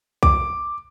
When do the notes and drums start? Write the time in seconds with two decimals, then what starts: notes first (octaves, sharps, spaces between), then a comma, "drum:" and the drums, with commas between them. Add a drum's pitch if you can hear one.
0.23 D6, drum: kick